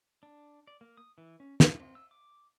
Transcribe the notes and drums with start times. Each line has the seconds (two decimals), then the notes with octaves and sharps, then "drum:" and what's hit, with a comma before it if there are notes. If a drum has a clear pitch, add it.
0.23 D4
0.67 D5
0.81 A#3
0.97 D#6
1.18 E3
1.40 C#4
1.60 D4, drum: snare
1.80 C4
1.95 E6
2.11 D6